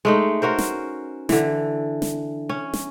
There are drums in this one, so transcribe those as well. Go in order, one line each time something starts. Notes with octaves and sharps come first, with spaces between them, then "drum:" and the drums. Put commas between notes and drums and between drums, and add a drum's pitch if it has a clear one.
G#3 A3 D#4
C#4 F#4 A#4 C5
drum: snare
D3 E3, drum: snare
drum: snare
C#4
drum: snare